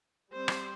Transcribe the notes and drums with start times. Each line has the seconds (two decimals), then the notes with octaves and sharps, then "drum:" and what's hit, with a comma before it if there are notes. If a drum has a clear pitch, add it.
0.32 G3 C4 C5
0.48 drum: rim click